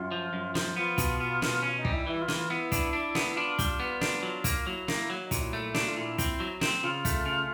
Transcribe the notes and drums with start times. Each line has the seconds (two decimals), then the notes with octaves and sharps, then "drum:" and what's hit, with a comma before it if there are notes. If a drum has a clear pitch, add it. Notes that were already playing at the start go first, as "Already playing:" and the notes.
Already playing: F#2 F4
0.12 F3
0.33 F#2
0.55 F3, drum: snare
0.76 B3 F4
0.98 B2, drum: kick, hi-hat
1.20 B3
1.42 B2, drum: snare
1.63 C#4
1.78 D#4
1.85 G3, drum: kick
1.92 E4
2.06 E3 E4
2.21 F4
2.28 E3, drum: snare
2.36 F4
2.50 B3 E4
2.72 D4, drum: kick, hi-hat
2.93 D4
3.15 B3, drum: snare
3.36 D4 F4
3.59 G3, drum: kick, hi-hat
3.80 B3
4.01 D4, drum: snare
4.23 F#3 F4
4.44 A#3, drum: kick, hi-hat
4.66 F#3 E4
4.88 A#3, drum: snare
4.95 E4
5.10 F#3
5.24 D#4
5.31 A#2, drum: kick, hi-hat
5.38 E4
5.53 A3
5.75 D4, drum: snare
5.81 F#4
5.88 F4
5.96 A#2 E4
6.18 C4, drum: kick, hi-hat
6.40 F#3
6.61 C4, drum: snare
6.82 C#3 F4
7.05 A3, drum: kick, hi-hat
7.26 C#3